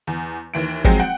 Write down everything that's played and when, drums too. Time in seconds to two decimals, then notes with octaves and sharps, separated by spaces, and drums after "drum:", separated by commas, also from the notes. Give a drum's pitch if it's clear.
0.07 E2
0.54 D#2 E3 D7
0.84 F3 F#3 G#3 C4, drum: kick
1.00 F#5 G5